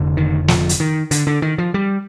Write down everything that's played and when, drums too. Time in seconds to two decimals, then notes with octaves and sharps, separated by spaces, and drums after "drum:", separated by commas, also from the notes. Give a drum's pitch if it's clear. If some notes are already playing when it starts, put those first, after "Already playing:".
Already playing: F1 F2 D3
0.17 D#3
0.48 F3, drum: snare
0.69 drum: hi-hat
0.80 D#3
1.11 D3, drum: hi-hat
1.27 D3
1.42 D#3
1.58 F3
1.74 G3